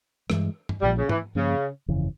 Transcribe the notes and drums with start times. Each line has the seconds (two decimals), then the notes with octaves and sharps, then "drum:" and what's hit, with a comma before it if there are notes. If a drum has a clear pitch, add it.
0.30 G2 E3 G#3, drum: rim click
0.69 drum: tom
0.82 A#1 A#2 F3 G3
0.98 C#3
1.09 E3, drum: tom
1.35 G2 C#3 F3 A#3 C#4
1.88 G1 F2 C#3 E3